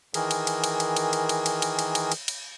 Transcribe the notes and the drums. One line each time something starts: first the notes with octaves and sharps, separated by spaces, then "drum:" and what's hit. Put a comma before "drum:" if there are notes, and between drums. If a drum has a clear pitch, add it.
D#3 E3 G#4 A#4, drum: cymbal
drum: cymbal
drum: cymbal
drum: cymbal
drum: cymbal
drum: cymbal
drum: cymbal
drum: cymbal
drum: cymbal
drum: cymbal
drum: cymbal
drum: cymbal
drum: cymbal
drum: cymbal